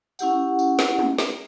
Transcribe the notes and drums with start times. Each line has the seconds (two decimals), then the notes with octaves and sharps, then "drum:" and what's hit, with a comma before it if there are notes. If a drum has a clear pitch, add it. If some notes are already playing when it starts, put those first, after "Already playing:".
0.19 C#4 E4 G4 F#5, drum: tambourine
0.59 drum: tambourine
0.79 drum: snare
0.99 drum: tom G#3
1.18 drum: snare